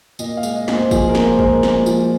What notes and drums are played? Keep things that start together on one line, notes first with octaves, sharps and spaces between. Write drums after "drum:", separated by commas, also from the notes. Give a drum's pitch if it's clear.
A#2 D#5, drum: tambourine
F5
G#3, drum: tambourine
D#5
A#2 C5, drum: snare
F3 G#4, drum: kick, tambourine
A#4
A#2, drum: snare
C5
G#3, drum: kick
A#4
A#2, drum: snare
F3, drum: tambourine